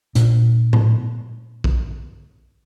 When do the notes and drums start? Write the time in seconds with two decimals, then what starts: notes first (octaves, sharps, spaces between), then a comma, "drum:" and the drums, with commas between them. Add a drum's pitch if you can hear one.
0.15 A#2 D4, drum: hi-hat
0.73 drum: tom A2
1.64 drum: kick A#1